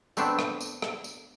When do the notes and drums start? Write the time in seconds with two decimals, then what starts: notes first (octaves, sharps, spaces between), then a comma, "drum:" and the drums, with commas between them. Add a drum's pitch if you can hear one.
0.17 A3 B3 C4 D4, drum: tambourine
0.39 drum: rim click
0.61 drum: tambourine
0.82 drum: rim click
1.04 drum: tambourine